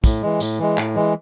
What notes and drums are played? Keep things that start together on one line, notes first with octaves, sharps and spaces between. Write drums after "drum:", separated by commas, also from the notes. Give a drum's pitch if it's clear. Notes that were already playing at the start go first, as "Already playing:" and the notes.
A2, drum: kick, tambourine
E3 G#3
A2, drum: tambourine
E3 G#3
A2, drum: clap
E3 G#3